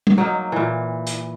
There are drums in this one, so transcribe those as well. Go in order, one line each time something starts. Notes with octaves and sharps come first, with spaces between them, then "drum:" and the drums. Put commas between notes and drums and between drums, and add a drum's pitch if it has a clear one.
drum: tom
F#3 A#3 D#4
A#2 E3
drum: hi-hat